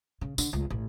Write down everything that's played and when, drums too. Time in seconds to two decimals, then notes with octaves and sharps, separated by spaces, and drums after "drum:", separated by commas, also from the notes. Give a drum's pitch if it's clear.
0.21 C#3
0.38 D3, drum: tambourine
0.53 C#2
0.70 A1